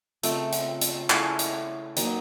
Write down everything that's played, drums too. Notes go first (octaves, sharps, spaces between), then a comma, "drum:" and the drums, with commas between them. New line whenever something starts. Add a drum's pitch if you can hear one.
C#3 F3 A3 C4, drum: hi-hat
drum: hi-hat
drum: hi-hat
A3 C#4 E4 G#4, drum: clap
drum: hi-hat
F#3 A#3 D#4, drum: hi-hat